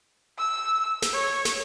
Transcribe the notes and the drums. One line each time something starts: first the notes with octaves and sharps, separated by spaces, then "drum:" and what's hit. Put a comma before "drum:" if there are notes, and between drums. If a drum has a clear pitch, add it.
E6
drum: snare
C#5
drum: snare